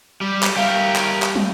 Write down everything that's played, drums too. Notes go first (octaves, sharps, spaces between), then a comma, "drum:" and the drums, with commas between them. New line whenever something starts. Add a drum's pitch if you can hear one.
G3
drum: clap
G3 G4 A#4 E5 F5
drum: clap
drum: clap
drum: tom